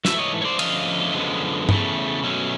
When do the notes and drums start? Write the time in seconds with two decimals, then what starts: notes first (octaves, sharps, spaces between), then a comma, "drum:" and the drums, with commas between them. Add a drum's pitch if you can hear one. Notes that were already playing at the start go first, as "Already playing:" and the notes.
0.05 G#2 E3 A3 E5, drum: snare
0.19 C#5 D#5
0.41 C#5
0.45 C5 D5
0.59 D3 F3 A3 C#4 D#5 F5, drum: cymbal
1.14 F#2 D3 F3 G#3 B3
1.69 E2 C#3 A3, drum: tom G2
2.23 B2 F#3 A3 C#4